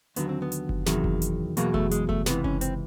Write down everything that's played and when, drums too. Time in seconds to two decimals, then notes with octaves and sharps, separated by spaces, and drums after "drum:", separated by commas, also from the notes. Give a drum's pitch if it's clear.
0.16 D#2 D3 F#3 B3, drum: hi-hat
0.29 C4
0.42 B3
0.52 drum: hi-hat
0.69 drum: kick F#1
0.86 E2 C3 D#3 F#3, drum: snare
1.04 drum: kick F#1
1.22 drum: hi-hat
1.57 E2 B2 F#3 A#3, drum: hi-hat
1.74 A3, drum: kick F#1
1.91 G#3, drum: hi-hat
2.09 A3, drum: kick F#1
2.26 C#2 C3 E3 B3, drum: snare
2.44 C#4, drum: kick F#1
2.61 C4, drum: hi-hat